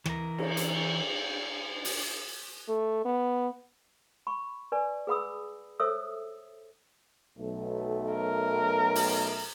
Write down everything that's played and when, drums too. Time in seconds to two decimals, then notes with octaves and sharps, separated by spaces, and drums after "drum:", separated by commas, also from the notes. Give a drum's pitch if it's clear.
0.06 E3 A#4, drum: rim click
0.38 drum: cymbal
0.57 drum: hi-hat
1.85 drum: open hi-hat
2.68 A3
3.05 B3
4.27 B5 C#6
4.72 B4 D5 G#5
5.07 G#4 B4 F#5 B5 D#6 E6
5.80 A4 C5 C#5 E5 D#6 E6
7.38 B1 A3
8.13 A#4
8.95 drum: open hi-hat